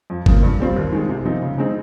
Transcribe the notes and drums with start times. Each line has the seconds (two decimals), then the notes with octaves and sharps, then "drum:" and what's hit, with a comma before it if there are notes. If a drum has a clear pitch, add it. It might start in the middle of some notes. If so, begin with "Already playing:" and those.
0.10 F2
0.26 C#3 F3 A#3, drum: kick
0.43 G2
0.60 G3 C4 F4
0.76 D#2
0.92 D#3 G#3
1.09 C3
1.25 F3 C4 D#4
1.42 C#3
1.58 G#3 C4 D#4